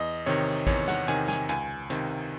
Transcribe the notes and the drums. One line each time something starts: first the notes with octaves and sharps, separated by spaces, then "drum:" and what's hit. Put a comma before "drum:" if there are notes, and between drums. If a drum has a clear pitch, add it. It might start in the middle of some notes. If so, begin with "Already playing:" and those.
Already playing: E2 D#5
C3 D#3 C#5
E2 C#5, drum: kick A1, hi-hat
F#5, drum: snare
C3 D#3 G#5, drum: hi-hat
G#5, drum: snare
C#2 G#5, drum: hi-hat
C3 D#3, drum: hi-hat